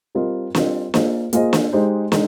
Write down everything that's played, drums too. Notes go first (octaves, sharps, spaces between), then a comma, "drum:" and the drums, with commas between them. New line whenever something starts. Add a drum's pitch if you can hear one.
G3 C4 F4 A#4 D#5
G3 C4 F4 A#4 D#5, drum: snare
A#3 F4 G#4 C5 D#5, drum: snare
A#3 F4 G#4 C5 D#5, drum: hi-hat
drum: snare
G#3 D#4 G4 C5
G#3 D#4, drum: snare